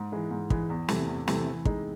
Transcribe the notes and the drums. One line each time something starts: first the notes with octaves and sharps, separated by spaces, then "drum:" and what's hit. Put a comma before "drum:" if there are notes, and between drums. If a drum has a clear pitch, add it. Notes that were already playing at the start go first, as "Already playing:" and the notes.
Already playing: G#2
E3 G#3
G#2
E3 G#3, drum: kick
E2
C3 E3 A3, drum: snare
E2
C3 E3 A3, drum: snare
E3
G#3 D#4, drum: kick